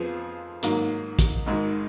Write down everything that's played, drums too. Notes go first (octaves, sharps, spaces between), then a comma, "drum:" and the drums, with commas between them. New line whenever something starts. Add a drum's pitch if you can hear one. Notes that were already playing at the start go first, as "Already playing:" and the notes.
Already playing: F2 F3 B3 F4 G#4
G#2 D#3 F#3 A#3, drum: hi-hat
drum: kick, hi-hat
G#1 G#2 D#3 G#3 D#4